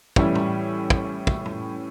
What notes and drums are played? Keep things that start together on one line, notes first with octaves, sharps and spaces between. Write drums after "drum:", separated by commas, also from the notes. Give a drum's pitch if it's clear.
A2 E3 G3 C#4 E4, drum: kick
drum: tom
drum: kick
drum: kick
drum: tom